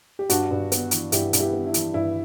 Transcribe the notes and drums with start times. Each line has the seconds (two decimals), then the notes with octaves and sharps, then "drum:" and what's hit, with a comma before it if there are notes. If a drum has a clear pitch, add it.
0.19 G4
0.30 G2 D4 F#4, drum: hi-hat
0.51 G2
0.72 B3, drum: hi-hat
0.91 E3, drum: hi-hat
1.12 G2 E4 G4, drum: hi-hat
1.33 G2, drum: hi-hat
1.40 E4 G4
1.53 B3
1.66 E4
1.74 E3, drum: hi-hat
1.94 G2 E4